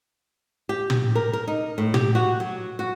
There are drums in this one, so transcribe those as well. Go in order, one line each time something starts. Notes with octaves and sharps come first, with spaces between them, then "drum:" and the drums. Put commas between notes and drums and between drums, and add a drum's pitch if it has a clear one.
G4
drum: tom
A#4
A#4
D#4
A2
G4, drum: tom
F#4
F#3
F#4